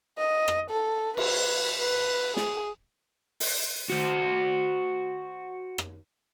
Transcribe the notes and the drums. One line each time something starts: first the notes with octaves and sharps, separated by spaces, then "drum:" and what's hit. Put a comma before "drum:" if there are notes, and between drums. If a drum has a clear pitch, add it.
D#5
drum: rim click
A4
B4, drum: cymbal
B4
G#4, drum: snare
drum: open hi-hat
F#4 C5
drum: rim click